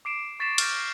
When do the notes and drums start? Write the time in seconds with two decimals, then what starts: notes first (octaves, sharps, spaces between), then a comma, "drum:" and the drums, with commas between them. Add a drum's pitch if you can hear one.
0.05 D6 C7 D7 E7
0.40 C#6 A6 B6 C7 E7
0.58 F6 G6 A#6, drum: cymbal